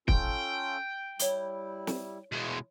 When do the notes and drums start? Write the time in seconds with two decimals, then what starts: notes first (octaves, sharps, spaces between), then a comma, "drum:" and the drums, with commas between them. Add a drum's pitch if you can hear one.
0.08 C#4 F4 A4 G5, drum: kick
1.19 G3 E4 C#5 G7, drum: hi-hat
1.87 drum: snare
2.32 B2 G#3 E4 F4